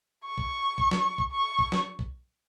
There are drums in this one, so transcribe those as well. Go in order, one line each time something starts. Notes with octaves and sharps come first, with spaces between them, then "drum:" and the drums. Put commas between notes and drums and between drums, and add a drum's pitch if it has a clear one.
C#6
drum: kick B1
drum: kick B1
drum: snare
drum: kick B1
C#6
drum: kick B1
drum: snare
drum: kick B1